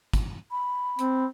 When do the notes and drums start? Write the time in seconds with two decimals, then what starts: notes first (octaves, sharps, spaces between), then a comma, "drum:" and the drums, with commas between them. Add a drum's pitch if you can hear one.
0.13 drum: kick, hi-hat
0.51 B5
0.99 C4, drum: hi-hat